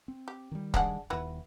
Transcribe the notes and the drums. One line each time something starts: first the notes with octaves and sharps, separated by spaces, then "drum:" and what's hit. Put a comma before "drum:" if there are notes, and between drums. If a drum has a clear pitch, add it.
C4
G4
D#3 G3
G#3 D4 F#5, drum: kick
D#1 D#2 E4 F#4 B4